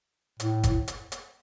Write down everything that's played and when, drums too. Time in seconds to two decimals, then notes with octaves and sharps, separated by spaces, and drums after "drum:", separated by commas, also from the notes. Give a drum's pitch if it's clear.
0.40 A2, drum: hi-hat
0.63 drum: kick, hi-hat
0.88 drum: hi-hat
1.12 drum: hi-hat